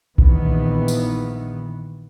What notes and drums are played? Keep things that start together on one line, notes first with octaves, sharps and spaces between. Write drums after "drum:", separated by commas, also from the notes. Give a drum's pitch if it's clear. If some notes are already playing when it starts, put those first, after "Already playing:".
A#1 D#3 E3 B3, drum: kick A#1
drum: tambourine